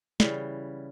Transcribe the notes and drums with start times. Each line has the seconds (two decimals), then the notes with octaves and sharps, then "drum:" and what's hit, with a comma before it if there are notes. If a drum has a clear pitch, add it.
0.20 C#3 E3 G3, drum: snare